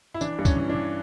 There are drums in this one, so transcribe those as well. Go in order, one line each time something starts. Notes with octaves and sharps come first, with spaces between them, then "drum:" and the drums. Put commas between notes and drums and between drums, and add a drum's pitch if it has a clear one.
E4
E3 D4, drum: tambourine
G2
C#4, drum: kick C#2, tambourine
E3
D4
E3